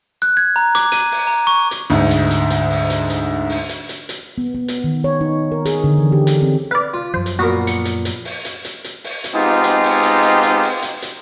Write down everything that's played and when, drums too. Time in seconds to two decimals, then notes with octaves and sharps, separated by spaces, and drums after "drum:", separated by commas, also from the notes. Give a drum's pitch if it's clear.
0.22 F#6
0.37 G#6
0.56 A#5
0.75 D6, drum: hi-hat
0.92 D#7, drum: hi-hat
1.12 drum: open hi-hat
1.27 A#5
1.47 C#6
1.71 drum: hi-hat
1.90 D2 G#2, drum: open hi-hat
2.11 drum: hi-hat
2.31 drum: hi-hat
2.50 drum: hi-hat
2.70 drum: open hi-hat
2.90 drum: hi-hat
3.10 drum: hi-hat
3.49 drum: open hi-hat
3.69 drum: hi-hat
3.89 drum: hi-hat
4.09 drum: hi-hat
4.38 B3
4.55 B3
4.68 drum: hi-hat
4.84 D#3
5.04 C#5
5.21 D#4
5.52 A#4
5.65 G#4, drum: hi-hat
5.84 D3
5.98 E3
6.12 G4
6.27 drum: hi-hat
6.42 C4
6.71 B4 D5 F5
6.94 F4
7.14 F#2 F3 C5
7.26 drum: hi-hat
7.39 A#2 B3 F#4 A#4
7.67 C#7, drum: hi-hat
7.85 drum: hi-hat
8.05 drum: hi-hat
8.25 drum: open hi-hat
8.45 drum: hi-hat
8.65 drum: hi-hat
8.84 drum: hi-hat
9.04 drum: open hi-hat
9.24 drum: hi-hat
9.35 G#3 B3 C4 D#4 F4 G4
9.64 drum: hi-hat
9.84 drum: open hi-hat
10.03 drum: hi-hat
10.23 drum: hi-hat
10.43 drum: hi-hat
10.63 drum: open hi-hat
10.83 drum: hi-hat
11.02 drum: hi-hat